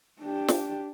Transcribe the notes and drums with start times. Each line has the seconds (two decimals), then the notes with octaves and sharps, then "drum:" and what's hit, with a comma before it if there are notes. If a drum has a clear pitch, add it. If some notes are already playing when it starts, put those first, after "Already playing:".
0.21 D4 G4
0.48 drum: snare